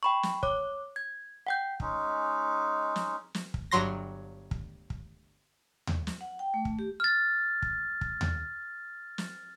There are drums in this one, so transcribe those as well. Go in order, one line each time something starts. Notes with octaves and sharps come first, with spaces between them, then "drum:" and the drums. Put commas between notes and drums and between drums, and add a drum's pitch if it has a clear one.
G5 B5 C#6
drum: snare
C#5 D6, drum: kick
G#6
F#5 G5 G6
G#3 C#4 D#4, drum: kick
drum: snare
drum: snare
drum: kick
G1 G2 F#3 C6 A#6
drum: kick
drum: kick
drum: tom D#2
drum: snare
F#5
G5
A3
drum: kick
G4
F6 A6
drum: kick
drum: kick
drum: tom D#2
drum: snare